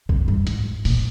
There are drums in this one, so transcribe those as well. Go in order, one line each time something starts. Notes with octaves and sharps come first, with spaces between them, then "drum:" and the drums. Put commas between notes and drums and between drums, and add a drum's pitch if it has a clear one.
F2, drum: kick A#1
G2
G#2, drum: hi-hat
A#2, drum: open hi-hat